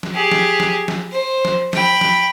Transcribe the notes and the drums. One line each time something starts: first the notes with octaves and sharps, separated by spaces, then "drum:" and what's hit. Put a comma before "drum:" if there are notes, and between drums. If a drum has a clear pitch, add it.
drum: snare
G4 G#4
drum: snare
drum: snare
drum: snare
C5
drum: snare
G5 B5, drum: snare
drum: snare